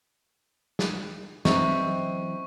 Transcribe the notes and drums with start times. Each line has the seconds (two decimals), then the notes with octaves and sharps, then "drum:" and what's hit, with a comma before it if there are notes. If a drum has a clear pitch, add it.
0.79 drum: snare
1.45 E3 F#3 C4 C#4 D#4 B4 E5 C#6, drum: snare